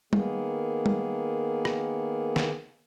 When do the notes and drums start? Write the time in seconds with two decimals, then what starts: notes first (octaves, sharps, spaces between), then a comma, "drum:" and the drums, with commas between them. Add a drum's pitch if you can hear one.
0.13 D#3 A#3 B3 G#4, drum: tom G3
0.86 drum: tom G3
1.65 drum: rim click
2.36 drum: snare